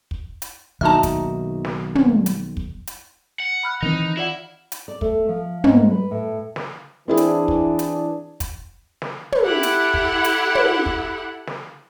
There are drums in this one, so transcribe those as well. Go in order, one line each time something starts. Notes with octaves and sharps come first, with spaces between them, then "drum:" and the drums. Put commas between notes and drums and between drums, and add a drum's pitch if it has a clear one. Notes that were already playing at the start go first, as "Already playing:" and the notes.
drum: kick
drum: hi-hat
B1 D#3 A#3 D#4 F#4 E5 A5 F6
drum: kick, hi-hat
drum: snare
drum: tom
drum: hi-hat
drum: kick
drum: hi-hat
F#5
B5 F6 F#6
D#3 E3 C4 D#4
E4 F4 D5 F#5
drum: hi-hat
D5
A3, drum: kick
F3
G#2, drum: tom
B4
A2
drum: snare
E3 C4 D4 E4 G#4
drum: hi-hat
drum: kick
drum: hi-hat
drum: kick, hi-hat
drum: snare
drum: tom
E4 G4 A4 F#5 B5
drum: hi-hat
drum: kick
drum: hi-hat
drum: tom
drum: kick
drum: snare